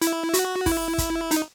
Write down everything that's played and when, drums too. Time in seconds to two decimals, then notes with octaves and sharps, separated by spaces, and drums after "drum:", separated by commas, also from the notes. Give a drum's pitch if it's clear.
0.02 E4, drum: hi-hat
0.34 F#4, drum: hi-hat
0.66 E4, drum: kick, open hi-hat
0.98 drum: kick, hi-hat
1.31 D#4, drum: hi-hat